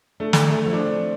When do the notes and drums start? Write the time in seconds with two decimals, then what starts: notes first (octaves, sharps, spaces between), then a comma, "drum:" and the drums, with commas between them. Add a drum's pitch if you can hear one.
0.20 A3 D4
0.33 drum: snare
0.49 A3
0.65 F3
0.73 D4
0.79 C4